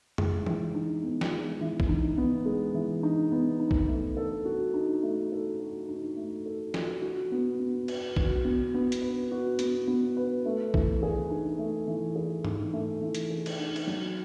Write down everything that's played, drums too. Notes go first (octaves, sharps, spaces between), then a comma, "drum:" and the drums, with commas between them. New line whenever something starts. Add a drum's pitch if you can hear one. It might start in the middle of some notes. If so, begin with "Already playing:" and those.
G#3, drum: tom F2
E3, drum: tom
D#4
B3
drum: snare
G#3
E3
drum: kick
D#4
B3
G#3
E3
D#4
B3
D#4
drum: kick
A3
A4
F#4
D#4
A3
A4
F#4
D#4
A3
A4
F#4, drum: snare
F#4
B3
B3
B4, drum: cymbal
F#4, drum: kick
B3
B3
drum: hi-hat
B4
F#4
B3, drum: hi-hat
B3
B4
A3
E3, drum: kick
G#4
D#4
A3
E3
G#4
D#4, drum: tom G#2
A3
E3
drum: hi-hat
G#4
drum: cymbal
D#4
drum: cymbal
F#3